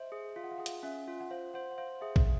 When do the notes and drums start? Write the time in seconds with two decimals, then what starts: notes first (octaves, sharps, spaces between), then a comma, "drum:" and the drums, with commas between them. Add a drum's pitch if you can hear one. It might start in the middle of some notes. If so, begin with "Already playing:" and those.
Already playing: C5 D#5 E5
0.12 G#4
0.36 F4 F5
0.43 F#5
0.51 F5
0.58 G#4 F#5
0.66 F5, drum: hi-hat
0.83 C#4 E5
1.08 F4
1.20 F#5
1.30 C5 F5
1.54 C5 F#5
1.71 F#5
1.78 C5 F5
2.01 G#4 E5
2.16 drum: kick A#1